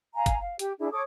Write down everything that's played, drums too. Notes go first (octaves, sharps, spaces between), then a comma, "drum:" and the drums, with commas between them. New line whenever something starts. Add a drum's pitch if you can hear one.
F5 G#5 A#5
drum: kick, hi-hat
F5
G4, drum: hi-hat
D4 E4 G#4
A4 C#5 D6 D#6